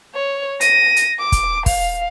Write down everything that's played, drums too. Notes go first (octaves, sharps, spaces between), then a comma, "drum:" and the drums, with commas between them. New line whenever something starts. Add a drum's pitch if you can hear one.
C#5
A#6 D#7, drum: hi-hat
drum: hi-hat
D6
drum: kick, hi-hat
F5, drum: kick, open hi-hat